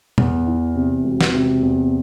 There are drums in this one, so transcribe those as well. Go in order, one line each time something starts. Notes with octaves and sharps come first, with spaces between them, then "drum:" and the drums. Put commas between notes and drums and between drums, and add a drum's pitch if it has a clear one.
E2, drum: tom
E3
C3
E1
drum: snare
C3
E2